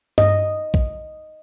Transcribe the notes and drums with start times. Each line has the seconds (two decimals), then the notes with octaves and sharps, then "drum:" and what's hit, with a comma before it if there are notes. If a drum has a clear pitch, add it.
0.18 D#5, drum: tom G2
0.74 drum: kick A#1